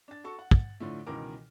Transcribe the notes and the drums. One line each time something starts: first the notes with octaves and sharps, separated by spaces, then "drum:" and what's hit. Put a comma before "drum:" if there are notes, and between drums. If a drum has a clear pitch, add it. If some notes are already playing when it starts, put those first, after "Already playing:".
D4 A6
F#4 A4 C#6
F#5
drum: kick
A2 D3 F3 A3
C#2 B2 D#3 E3 A#4 D6